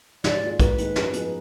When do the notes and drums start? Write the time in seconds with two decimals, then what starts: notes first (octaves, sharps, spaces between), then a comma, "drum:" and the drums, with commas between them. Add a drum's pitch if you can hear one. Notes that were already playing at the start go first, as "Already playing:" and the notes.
0.24 G#2 D5, drum: snare
0.42 D#3 A#3 F4 G#4
0.60 G#2 B4, drum: kick, hi-hat
0.78 D#3 A#3 D#4 G#4, drum: hi-hat
0.96 F#2, drum: snare
1.13 F3 B3 D#4 G#4, drum: hi-hat